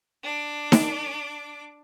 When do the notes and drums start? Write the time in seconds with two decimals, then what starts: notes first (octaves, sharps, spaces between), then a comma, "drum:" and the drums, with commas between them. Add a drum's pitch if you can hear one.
0.23 D4 D6
0.72 drum: snare D#4